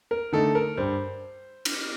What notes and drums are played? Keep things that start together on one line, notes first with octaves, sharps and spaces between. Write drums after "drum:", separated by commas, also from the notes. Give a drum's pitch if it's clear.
A#4
D3 A3 D#4 A4
A#4
G2 C5
drum: cymbal